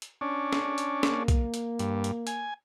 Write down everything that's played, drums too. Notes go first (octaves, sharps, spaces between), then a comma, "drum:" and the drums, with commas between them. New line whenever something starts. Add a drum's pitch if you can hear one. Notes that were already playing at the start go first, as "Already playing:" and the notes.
drum: hi-hat
C#4 D4
drum: snare
drum: hi-hat
A#3, drum: snare
drum: kick B1, hi-hat
drum: hi-hat
G2, drum: hi-hat
drum: hi-hat
G#5, drum: hi-hat